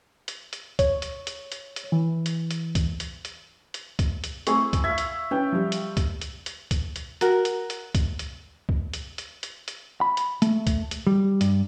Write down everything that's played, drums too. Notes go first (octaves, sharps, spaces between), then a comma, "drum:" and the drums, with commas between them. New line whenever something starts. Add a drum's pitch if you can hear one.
drum: hi-hat
drum: hi-hat
C#5, drum: kick, hi-hat
drum: hi-hat
drum: hi-hat
drum: hi-hat
drum: hi-hat
E3
drum: hi-hat
drum: hi-hat
drum: kick, hi-hat
drum: hi-hat
drum: hi-hat
drum: hi-hat
drum: kick, hi-hat
drum: hi-hat
A3 C4 E4 G#4 C#6, drum: hi-hat
drum: kick, hi-hat
E5 F5 G#6
drum: hi-hat
C#4 B4 G5
F3 G3
drum: hi-hat
drum: kick, hi-hat
drum: hi-hat
drum: hi-hat
drum: kick, hi-hat
drum: hi-hat
F#4 A#4, drum: hi-hat
drum: hi-hat
drum: hi-hat
drum: kick, hi-hat
drum: hi-hat
drum: kick
drum: hi-hat
drum: hi-hat
drum: hi-hat
drum: hi-hat
B5
drum: hi-hat
A3, drum: hi-hat
drum: kick, hi-hat
drum: hi-hat
G3
G2, drum: hi-hat